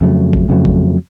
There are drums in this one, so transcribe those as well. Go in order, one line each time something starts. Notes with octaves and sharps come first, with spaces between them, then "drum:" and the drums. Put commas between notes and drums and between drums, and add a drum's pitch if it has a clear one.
F2 C#3 F#3 A3
drum: kick G#1
F2 C#3 F#3 A3
drum: kick G#1